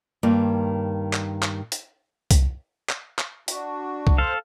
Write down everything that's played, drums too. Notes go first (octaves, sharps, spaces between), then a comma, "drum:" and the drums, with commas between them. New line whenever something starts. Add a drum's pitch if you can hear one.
G2 D#3 A#3
drum: clap
drum: clap
drum: hi-hat
drum: kick C2, hi-hat
drum: clap
drum: clap
D4 F#4, drum: hi-hat
drum: kick C2
A4 C5 F5